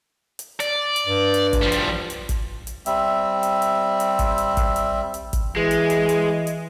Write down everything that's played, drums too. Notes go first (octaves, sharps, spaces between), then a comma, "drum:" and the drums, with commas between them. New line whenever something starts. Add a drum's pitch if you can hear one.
drum: hi-hat
D5, drum: hi-hat
drum: hi-hat
G2
drum: hi-hat
drum: kick, hi-hat
F3 G3
drum: hi-hat
drum: hi-hat
drum: kick, hi-hat
drum: hi-hat
G3 C4 E5, drum: hi-hat
drum: hi-hat
drum: hi-hat
drum: hi-hat
drum: kick, hi-hat
drum: hi-hat
drum: kick, hi-hat
drum: hi-hat
drum: hi-hat
drum: kick, hi-hat
E3 G#3
drum: hi-hat
drum: hi-hat
drum: hi-hat
drum: hi-hat